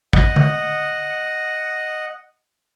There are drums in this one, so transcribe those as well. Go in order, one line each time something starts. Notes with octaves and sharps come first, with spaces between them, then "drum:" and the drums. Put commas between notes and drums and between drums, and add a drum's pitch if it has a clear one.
D#5 F#5, drum: kick
drum: tom D3